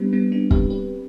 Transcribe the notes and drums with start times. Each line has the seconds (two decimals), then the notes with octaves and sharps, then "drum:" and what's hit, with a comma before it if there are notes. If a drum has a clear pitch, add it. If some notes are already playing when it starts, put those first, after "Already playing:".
Already playing: G3 B3 C4 D4 G4 B4
0.13 G3 B3
0.32 B3 D4
0.51 G4 B4, drum: kick
0.70 G4 B4